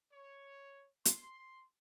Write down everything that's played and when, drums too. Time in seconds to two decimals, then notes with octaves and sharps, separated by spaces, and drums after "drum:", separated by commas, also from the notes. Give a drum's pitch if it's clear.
0.12 C#5
1.05 C6, drum: hi-hat